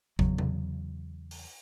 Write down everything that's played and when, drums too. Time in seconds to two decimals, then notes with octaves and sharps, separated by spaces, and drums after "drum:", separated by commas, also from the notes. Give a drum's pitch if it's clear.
0.19 E2 C#3 F#3, drum: kick G1
0.38 drum: tom C3
1.31 drum: open hi-hat